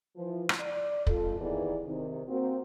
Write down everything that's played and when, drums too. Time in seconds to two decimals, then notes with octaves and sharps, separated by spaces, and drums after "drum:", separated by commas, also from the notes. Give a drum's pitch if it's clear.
0.16 E3 F3
0.49 drum: rim click
0.60 D5
1.07 F2 G#3 F4 A4, drum: kick
1.40 D#2 D#3 E3 B3 G#4 D5
1.85 C3 D#3
2.27 A#3 C4 F#4